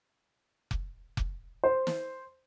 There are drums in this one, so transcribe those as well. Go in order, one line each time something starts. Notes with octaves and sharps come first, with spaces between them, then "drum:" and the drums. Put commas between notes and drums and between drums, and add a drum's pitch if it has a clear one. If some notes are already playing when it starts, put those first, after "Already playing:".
drum: kick F1
drum: kick F1
C5
drum: snare